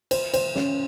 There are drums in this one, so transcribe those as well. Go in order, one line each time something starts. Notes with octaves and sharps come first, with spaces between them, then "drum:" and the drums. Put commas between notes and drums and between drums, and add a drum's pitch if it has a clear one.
C5, drum: cymbal
C5, drum: cymbal
C#4 C#5, drum: snare